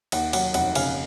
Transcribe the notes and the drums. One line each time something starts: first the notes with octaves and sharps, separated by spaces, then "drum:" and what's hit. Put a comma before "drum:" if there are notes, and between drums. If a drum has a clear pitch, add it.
D#2 F#5, drum: cymbal
F#3 F#5, drum: cymbal
F1 F#5, drum: cymbal
C#3 F5 G#5, drum: cymbal